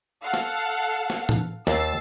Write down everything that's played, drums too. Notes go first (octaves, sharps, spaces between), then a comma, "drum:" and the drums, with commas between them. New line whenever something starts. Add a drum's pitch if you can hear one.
A4 F5 F#5
drum: snare
drum: snare
drum: tom
D#2 E6 A6 C7, drum: snare